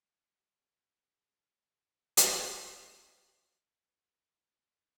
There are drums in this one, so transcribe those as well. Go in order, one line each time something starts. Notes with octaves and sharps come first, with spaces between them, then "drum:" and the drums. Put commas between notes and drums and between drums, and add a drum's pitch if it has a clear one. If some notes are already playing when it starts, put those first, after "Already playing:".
G3 G#3 F#4
drum: hi-hat
A3 C4 F4 B4